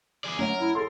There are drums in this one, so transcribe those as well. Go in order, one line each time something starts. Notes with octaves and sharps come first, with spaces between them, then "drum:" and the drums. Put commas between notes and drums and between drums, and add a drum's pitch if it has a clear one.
G#4 D5
F#2 A#4 C#5 F#5, drum: tom G#3
E4
G#4 A4 C6